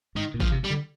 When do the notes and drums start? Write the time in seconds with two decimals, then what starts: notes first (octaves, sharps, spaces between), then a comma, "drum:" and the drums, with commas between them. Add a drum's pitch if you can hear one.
0.15 G#2 D#3
0.34 A#2
0.40 F3, drum: kick
0.52 C3
0.64 G3
0.70 D3